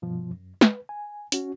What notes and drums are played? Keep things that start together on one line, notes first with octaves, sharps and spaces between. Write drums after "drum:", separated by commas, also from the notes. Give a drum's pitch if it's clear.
G2 B2 F3
F#2
B4, drum: snare
G#5
C#4 F#4, drum: hi-hat